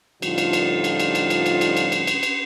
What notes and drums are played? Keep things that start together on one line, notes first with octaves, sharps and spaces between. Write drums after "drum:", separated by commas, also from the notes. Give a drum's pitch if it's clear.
A2 D3 F3 G3 D#4 F4, drum: cymbal
drum: cymbal
drum: cymbal
drum: cymbal
drum: cymbal
drum: cymbal
drum: cymbal
drum: cymbal
drum: cymbal
drum: cymbal
drum: cymbal
drum: cymbal
drum: cymbal